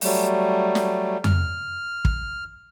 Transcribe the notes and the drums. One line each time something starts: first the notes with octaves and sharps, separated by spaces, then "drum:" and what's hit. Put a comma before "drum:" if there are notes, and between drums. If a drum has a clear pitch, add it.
F#3 G3 A3, drum: open hi-hat
drum: snare
F6, drum: tom F2
drum: kick